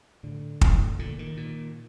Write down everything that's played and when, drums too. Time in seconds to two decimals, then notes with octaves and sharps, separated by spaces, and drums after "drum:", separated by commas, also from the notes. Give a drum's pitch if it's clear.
0.23 A2 D3
0.61 A2, drum: kick
0.99 A#2 D3
1.19 D#3
1.37 A#2